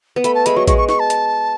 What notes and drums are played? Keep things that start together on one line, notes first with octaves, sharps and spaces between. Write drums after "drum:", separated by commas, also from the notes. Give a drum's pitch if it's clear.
B3
A3 B5, drum: hi-hat
A5
G#3 B5, drum: hi-hat
F#3 C#6
G#3 C#6, drum: kick A1, hi-hat
C#6
C#6, drum: snare
A5
drum: hi-hat